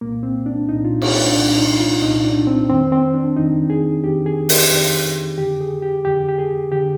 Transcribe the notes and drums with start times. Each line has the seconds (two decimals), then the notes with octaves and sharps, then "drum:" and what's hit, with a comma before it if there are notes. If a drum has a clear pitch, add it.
0.01 C2 A#2 A#3
0.23 C4
0.46 D4
0.68 C2 A#2 D#4
0.85 F4
1.02 F4, drum: cymbal
1.18 D4
1.35 C2 A#2 D4
1.58 D#4
1.80 F4
2.02 C2 A#2 D#4
2.25 D4
2.47 C4
2.70 F2 D#3 C4
2.92 C4
3.14 D4
3.36 F2 D#3 D#4
3.70 G#4
4.03 F2 D#3 G4
4.26 G#4
4.49 G4, drum: open hi-hat
4.70 F2 D#3 G4
5.38 F2 D3 G4
5.61 G#4
5.82 G4
6.05 F2 D3 G4
6.28 G4
6.38 G#4
6.72 D3 G4